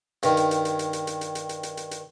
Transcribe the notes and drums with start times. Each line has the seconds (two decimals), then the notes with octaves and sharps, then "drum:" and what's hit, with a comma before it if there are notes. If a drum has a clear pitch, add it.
0.23 G2 D#3, drum: hi-hat
0.37 drum: hi-hat
0.51 drum: hi-hat
0.65 drum: hi-hat
0.79 drum: hi-hat
0.93 drum: hi-hat
1.07 drum: hi-hat
1.21 drum: hi-hat
1.35 drum: hi-hat
1.49 drum: hi-hat
1.63 drum: hi-hat
1.77 drum: hi-hat
1.91 drum: hi-hat